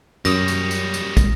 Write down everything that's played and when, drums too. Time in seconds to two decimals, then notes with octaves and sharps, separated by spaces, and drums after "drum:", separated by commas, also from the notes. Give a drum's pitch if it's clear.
0.25 F#2 G3 C#5 D#6 A#6, drum: tambourine
0.48 drum: tambourine
0.71 drum: tambourine
0.94 drum: tambourine
1.17 drum: kick, tambourine